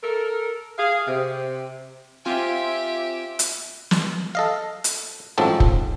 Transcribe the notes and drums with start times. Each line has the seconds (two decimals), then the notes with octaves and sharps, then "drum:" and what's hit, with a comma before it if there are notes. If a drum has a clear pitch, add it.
0.03 A4 A#4
0.78 G#4 F5
1.07 C3
2.25 C4 F4 G4 E5 G#5
3.39 drum: hi-hat
3.91 drum: snare
4.35 A4 D#5 F5
4.84 drum: hi-hat
5.38 A1 G#2 F3 F#3 C4 A4
5.60 drum: kick F1